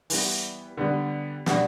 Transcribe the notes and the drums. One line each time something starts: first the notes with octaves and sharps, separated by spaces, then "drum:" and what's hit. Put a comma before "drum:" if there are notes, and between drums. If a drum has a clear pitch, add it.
E3 G3 B3, drum: open hi-hat
D3 G3 B3
B2 G3 D4 F#4, drum: snare